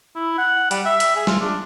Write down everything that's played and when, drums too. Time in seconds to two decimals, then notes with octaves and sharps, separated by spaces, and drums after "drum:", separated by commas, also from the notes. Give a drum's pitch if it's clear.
0.15 E4
0.38 F#5
0.71 G3, drum: hi-hat
0.85 E5
1.00 drum: hi-hat
1.16 G#4
1.27 F4, drum: snare
1.41 D4